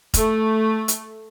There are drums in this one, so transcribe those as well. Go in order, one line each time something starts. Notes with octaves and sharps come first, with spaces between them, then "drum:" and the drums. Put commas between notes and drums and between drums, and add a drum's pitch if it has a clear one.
A3, drum: kick F1, hi-hat
drum: hi-hat